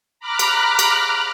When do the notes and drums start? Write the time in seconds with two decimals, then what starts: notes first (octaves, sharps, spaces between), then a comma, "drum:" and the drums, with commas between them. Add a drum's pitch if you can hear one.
0.20 A#5 B5 D6 F6 F#6
0.39 drum: cymbal
0.79 drum: cymbal